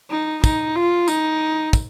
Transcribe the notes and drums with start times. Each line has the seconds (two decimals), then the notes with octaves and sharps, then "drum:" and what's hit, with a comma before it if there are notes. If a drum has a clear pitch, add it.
0.10 D#4
0.44 D#4, drum: kick, tambourine
0.76 F4
1.08 D#4, drum: tambourine
1.73 drum: kick, tambourine